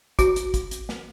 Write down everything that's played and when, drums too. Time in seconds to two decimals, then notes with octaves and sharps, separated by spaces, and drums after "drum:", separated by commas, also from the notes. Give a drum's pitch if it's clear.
0.19 F#4, drum: kick, hi-hat
0.36 drum: hi-hat
0.54 drum: kick, hi-hat
0.71 drum: hi-hat
0.89 drum: snare